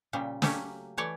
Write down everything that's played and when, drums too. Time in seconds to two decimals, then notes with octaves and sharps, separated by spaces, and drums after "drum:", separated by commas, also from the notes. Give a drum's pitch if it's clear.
0.13 A#2 C#3 G3
0.42 F#3 A3 A#3 C#4 G4, drum: snare
0.97 E3 A3 C#5 D5